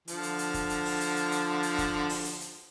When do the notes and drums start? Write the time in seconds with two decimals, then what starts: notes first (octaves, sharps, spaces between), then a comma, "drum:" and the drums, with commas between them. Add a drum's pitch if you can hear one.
0.08 D3 F3, drum: hi-hat
0.23 drum: hi-hat
0.39 drum: hi-hat
0.54 drum: kick, hi-hat
0.70 drum: hi-hat
0.85 drum: open hi-hat
1.01 drum: hi-hat
1.16 drum: hi-hat
1.32 drum: hi-hat
1.63 drum: hi-hat
1.78 drum: kick, hi-hat
2.09 drum: open hi-hat
2.25 drum: hi-hat
2.40 drum: hi-hat